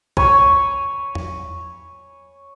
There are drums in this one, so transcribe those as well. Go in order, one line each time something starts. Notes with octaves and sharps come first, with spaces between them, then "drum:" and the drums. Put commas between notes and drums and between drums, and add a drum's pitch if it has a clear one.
C#5 G#5 B5 C#6, drum: kick C2
drum: tom E2